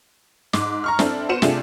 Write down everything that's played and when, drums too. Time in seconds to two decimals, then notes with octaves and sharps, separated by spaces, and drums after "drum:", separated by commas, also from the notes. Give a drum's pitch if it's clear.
0.53 G#2 D6, drum: snare
0.84 A#5 C#6 F6
0.99 C4 D4 E4 A4, drum: snare
1.29 B3 F#4 C5 C#7 D#7 E7
1.42 C3 A3 D4 F4 G4 G#4, drum: snare